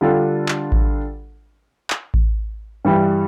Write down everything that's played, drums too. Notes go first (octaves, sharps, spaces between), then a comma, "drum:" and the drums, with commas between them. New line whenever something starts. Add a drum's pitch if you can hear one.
D3 G3 D4 F4 A4
drum: clap
drum: kick A1
drum: clap
drum: kick A1
G2 E3 G3